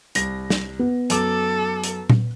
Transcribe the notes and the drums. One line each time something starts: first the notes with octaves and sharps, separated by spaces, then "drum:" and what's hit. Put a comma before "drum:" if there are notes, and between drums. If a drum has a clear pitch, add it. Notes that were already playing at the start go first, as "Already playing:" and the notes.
C2 A#6, drum: hi-hat
drum: snare
B3
F#2 A4 D6, drum: hi-hat
drum: hi-hat
drum: tom A#2